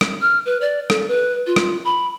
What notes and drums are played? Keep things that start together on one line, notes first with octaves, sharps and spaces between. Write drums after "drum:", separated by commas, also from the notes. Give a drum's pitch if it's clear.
drum: rim click
F6
B4
D5
A4, drum: rim click
B4
F4
drum: rim click
B5